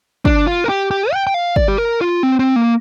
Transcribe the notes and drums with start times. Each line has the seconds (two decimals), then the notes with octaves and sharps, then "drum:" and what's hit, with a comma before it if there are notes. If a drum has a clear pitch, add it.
0.25 D4, drum: kick
0.47 F4
0.64 A#4
0.69 G4
0.91 G4
1.13 G5
1.27 G5
1.34 F5
1.56 D5, drum: kick
1.68 G4
1.78 A#4
2.01 F4
2.23 C4
2.39 C4
2.56 A#3